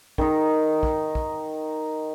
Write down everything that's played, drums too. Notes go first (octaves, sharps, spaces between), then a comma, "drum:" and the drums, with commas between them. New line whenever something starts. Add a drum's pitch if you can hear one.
D#3 D#4, drum: kick
drum: kick
drum: kick